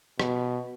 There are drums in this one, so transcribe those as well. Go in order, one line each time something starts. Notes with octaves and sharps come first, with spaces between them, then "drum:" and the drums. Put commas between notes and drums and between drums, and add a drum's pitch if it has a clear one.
B2, drum: rim click